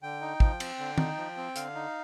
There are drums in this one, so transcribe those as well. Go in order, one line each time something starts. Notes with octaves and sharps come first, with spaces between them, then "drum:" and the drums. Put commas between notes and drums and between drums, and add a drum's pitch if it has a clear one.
D3 G5
D#4
F3, drum: kick
C4, drum: cymbal
D3
D#4, drum: tom D#3
F3
C4
D3 F5, drum: hi-hat
D#4